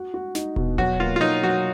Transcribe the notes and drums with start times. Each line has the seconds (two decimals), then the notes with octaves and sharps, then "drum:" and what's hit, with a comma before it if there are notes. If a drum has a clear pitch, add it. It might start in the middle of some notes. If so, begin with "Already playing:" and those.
Already playing: F#4
0.14 F#4
0.35 D#4, drum: snare
0.56 B2, drum: kick
0.78 F#3 F#4, drum: kick
1.00 A#3 F4
1.16 F4
1.21 F#3 D#4
1.43 F#3 F#4